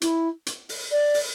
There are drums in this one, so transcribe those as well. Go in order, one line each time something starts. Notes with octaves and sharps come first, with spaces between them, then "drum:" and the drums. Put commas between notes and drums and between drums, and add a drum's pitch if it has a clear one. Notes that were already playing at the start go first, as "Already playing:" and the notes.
E4, drum: hi-hat
drum: hi-hat
drum: open hi-hat
D5
drum: open hi-hat